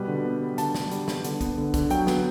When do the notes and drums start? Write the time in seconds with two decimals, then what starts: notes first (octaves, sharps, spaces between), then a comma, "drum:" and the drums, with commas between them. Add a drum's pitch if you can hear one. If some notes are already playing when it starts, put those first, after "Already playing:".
Already playing: B2 G3 B4
0.08 D3
0.25 B3
0.42 G3
0.58 D3 A5, drum: hi-hat
0.74 D3, drum: snare
0.91 G3, drum: hi-hat
1.08 B3, drum: snare
1.24 D3, drum: hi-hat
1.41 B3, drum: kick, hi-hat
1.58 D3
1.74 D3, drum: kick, hi-hat
1.90 F#3 G5, drum: hi-hat
2.07 B3, drum: snare